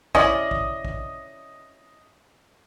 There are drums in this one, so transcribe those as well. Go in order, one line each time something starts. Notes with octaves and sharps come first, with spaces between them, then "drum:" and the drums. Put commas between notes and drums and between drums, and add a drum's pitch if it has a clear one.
C#4 E4 D5 D#5, drum: kick
drum: kick
drum: kick